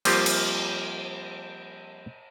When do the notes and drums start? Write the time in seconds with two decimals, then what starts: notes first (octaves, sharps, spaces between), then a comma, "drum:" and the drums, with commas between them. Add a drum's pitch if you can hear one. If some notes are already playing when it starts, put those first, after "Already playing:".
0.05 F3 G3 A#3 C4 F4 G4, drum: cymbal
0.26 drum: cymbal